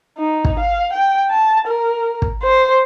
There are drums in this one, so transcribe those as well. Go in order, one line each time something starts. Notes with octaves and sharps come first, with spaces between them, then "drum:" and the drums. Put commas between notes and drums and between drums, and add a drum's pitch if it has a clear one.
D#4
drum: kick
F5
G5
A5
A#4
drum: kick
C5